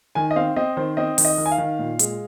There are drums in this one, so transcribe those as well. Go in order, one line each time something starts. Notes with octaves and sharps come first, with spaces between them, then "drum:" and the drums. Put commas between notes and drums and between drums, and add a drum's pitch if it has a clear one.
D#3 G#5
D#5
C4 F5
C4 D#5
D#3 C5
C4 D#5
D#3, drum: open hi-hat
D#5
D#3
G#5
F5
D#3
A#2
G#3, drum: hi-hat